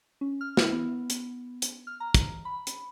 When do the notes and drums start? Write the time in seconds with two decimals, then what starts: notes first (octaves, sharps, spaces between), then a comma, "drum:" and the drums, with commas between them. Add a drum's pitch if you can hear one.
0.21 C#4
0.41 F6
0.57 E4, drum: snare
0.72 B3
1.10 drum: hi-hat
1.62 drum: hi-hat
1.87 F6
2.00 A#5
2.14 drum: kick, hi-hat
2.45 B5
2.67 drum: hi-hat